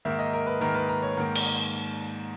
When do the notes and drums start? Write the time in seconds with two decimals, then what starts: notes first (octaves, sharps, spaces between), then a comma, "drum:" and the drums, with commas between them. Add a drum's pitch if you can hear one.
0.05 G#2 D#3 A#3 E5
0.19 D#5
0.33 A#4
0.47 B4
0.61 G#2 D#3 A#3 A#4
0.75 B4
0.89 A#5
1.03 C#5
1.17 G#2 D#3 A#3 A#4
1.35 drum: cymbal